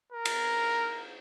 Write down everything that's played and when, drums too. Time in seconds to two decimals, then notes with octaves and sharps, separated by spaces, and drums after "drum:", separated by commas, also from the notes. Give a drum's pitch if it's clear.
0.12 A#4
0.25 drum: cymbal